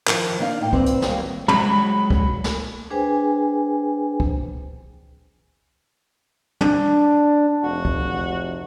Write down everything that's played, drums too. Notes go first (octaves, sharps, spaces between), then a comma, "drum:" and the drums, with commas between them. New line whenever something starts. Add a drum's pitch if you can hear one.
D#3 F3 A#4, drum: clap
A#3 D4 D#4 D5 F5
A2 D#4 G5
C4 B4 C5 D5, drum: kick
drum: hi-hat
D#3 F#3 G3 A#3, drum: snare
F#3 G#3 F#4 B5, drum: tom
drum: kick
drum: snare
D4 G#4 B4 C5 G5 G#5
drum: kick
D4, drum: tom
F1 F#4
drum: kick